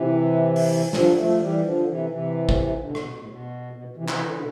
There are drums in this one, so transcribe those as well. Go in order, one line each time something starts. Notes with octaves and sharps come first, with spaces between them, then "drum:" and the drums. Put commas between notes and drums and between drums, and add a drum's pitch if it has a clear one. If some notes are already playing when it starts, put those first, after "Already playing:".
Already playing: C3 E3
drum: open hi-hat
D3 F3, drum: snare
F3 A3
E3 G3
D3 F3
C3 E3
C3 E3
drum: kick
B2 D3
B2, drum: rim click
B2
A2
B2
B2
C3 E3
C3 E3, drum: clap
D3
E3
B2 D3